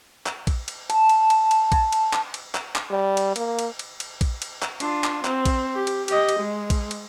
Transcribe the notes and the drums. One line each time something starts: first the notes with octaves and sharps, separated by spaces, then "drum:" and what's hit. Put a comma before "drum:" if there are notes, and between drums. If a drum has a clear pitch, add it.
drum: clap
drum: kick A#1, cymbal
drum: cymbal
A5, drum: cymbal
drum: cymbal
drum: cymbal
drum: cymbal
drum: kick A#1, cymbal
drum: cymbal
drum: clap
drum: cymbal
drum: clap
drum: clap
G3
drum: cymbal
A#3, drum: cymbal
drum: cymbal
drum: cymbal
drum: cymbal
drum: kick A#1, cymbal
drum: cymbal
drum: clap
D4 F4, drum: cymbal
drum: clap
C4, drum: clap
drum: kick A#1, cymbal
G4
drum: cymbal
G4 D#5, drum: cymbal
drum: cymbal
G#3
drum: kick A#1, cymbal
drum: cymbal